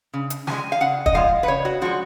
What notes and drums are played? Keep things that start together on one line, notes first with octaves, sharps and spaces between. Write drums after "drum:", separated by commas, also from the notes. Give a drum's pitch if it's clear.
C#3
drum: hi-hat
F3 G#3 G#5, drum: snare
F5
C#3 F#5
D#5, drum: kick
F3 G#3 F5
B4
C#3 C#5
F#4
F3 G#3 F#4